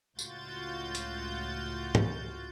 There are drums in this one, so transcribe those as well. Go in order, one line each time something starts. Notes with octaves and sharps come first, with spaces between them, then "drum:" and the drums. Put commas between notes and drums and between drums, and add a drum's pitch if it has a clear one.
C#2 A2 F4 F#4 G6 A6, drum: tambourine
drum: hi-hat
drum: tom